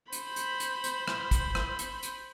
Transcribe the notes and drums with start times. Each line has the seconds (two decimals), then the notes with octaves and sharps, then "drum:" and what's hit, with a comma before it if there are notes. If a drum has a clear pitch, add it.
0.12 C5 B5, drum: hi-hat
0.36 drum: hi-hat
0.60 drum: hi-hat
0.84 drum: hi-hat
1.08 drum: rim click
1.31 drum: kick, hi-hat
1.55 drum: rim click
1.79 drum: hi-hat
2.03 drum: hi-hat